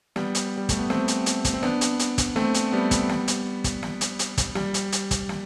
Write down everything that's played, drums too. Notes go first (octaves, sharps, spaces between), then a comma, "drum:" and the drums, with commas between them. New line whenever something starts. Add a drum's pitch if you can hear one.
G3 B3, drum: snare
drum: hi-hat
G3
A3, drum: kick, hi-hat
B3
A3 C4, drum: snare
drum: hi-hat
drum: hi-hat
drum: kick, hi-hat
C4
B3 D4, drum: snare
drum: hi-hat
drum: hi-hat
drum: kick, hi-hat
A3 C4, drum: snare
drum: hi-hat
G3 B3
drum: kick, hi-hat
drum: snare
drum: hi-hat
drum: kick, hi-hat
drum: snare
drum: hi-hat
drum: hi-hat
drum: kick, hi-hat
G3, drum: snare
drum: hi-hat
drum: hi-hat
drum: kick, hi-hat
drum: snare